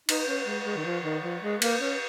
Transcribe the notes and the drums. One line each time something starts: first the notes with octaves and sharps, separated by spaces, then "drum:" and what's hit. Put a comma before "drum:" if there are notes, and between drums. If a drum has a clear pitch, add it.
D#4, drum: cymbal
C#4
G#3
G#3
D#3
F3
D#3
F3
G#3
A#3, drum: cymbal
C#4